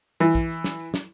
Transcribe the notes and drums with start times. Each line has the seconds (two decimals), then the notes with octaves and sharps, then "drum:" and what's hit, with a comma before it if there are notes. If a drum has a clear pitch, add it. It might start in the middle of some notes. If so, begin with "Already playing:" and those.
0.20 E3, drum: tambourine
0.35 drum: kick, tambourine
0.50 drum: tambourine
0.64 drum: snare
0.79 drum: tambourine
0.94 drum: snare